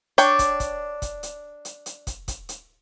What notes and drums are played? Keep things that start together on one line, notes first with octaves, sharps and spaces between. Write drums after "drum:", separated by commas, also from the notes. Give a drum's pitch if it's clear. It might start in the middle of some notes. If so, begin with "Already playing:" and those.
D4 C#5 G5, drum: hi-hat
drum: kick, hi-hat
drum: kick, hi-hat
drum: kick, hi-hat
drum: hi-hat
drum: hi-hat
drum: hi-hat
drum: kick, hi-hat
drum: kick, hi-hat
drum: hi-hat